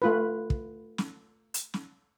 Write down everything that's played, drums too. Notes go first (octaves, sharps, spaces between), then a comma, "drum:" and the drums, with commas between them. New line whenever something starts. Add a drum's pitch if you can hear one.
A3 F4 B4
drum: kick
drum: snare
drum: hi-hat
drum: snare